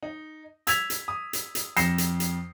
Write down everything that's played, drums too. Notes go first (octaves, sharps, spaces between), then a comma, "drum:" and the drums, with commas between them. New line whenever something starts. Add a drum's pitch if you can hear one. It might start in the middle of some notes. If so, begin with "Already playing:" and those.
D#4
E6 G#6 B6 F7, drum: hi-hat
drum: hi-hat
D#6
drum: hi-hat
drum: hi-hat
F2 G6 A#6 C7 C#7 E7, drum: hi-hat
drum: hi-hat
drum: hi-hat